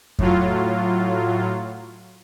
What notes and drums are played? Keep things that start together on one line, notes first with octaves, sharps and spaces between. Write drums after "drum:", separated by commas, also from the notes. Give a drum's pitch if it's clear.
A2 F#3 F4, drum: kick F2